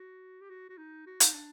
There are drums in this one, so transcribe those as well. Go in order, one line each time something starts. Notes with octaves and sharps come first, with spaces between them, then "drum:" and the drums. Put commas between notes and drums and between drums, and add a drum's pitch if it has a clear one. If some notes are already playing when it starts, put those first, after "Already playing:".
Already playing: F#4
G4
F#4
F#4
D#4
F#4
D#4, drum: hi-hat
D4